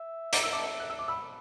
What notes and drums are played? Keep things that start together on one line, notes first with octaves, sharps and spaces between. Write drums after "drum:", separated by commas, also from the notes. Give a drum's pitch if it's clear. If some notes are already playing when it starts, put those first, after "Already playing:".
Already playing: E5
D6, drum: hi-hat
E6
A5 D6
F#6
E6
D6
B5 E6